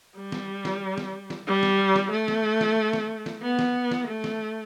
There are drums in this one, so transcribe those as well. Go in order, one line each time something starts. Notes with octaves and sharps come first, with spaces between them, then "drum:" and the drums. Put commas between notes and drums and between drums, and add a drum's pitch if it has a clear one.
G3
drum: snare
drum: snare
drum: snare
drum: snare
G3
drum: snare
drum: snare
A3
drum: snare
drum: snare
drum: snare
drum: snare
B3
drum: snare
drum: snare
A3
drum: snare